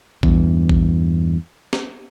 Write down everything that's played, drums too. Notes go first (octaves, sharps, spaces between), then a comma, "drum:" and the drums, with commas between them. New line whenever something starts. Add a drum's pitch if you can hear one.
E2 G2, drum: kick A#1
drum: kick A#1
drum: snare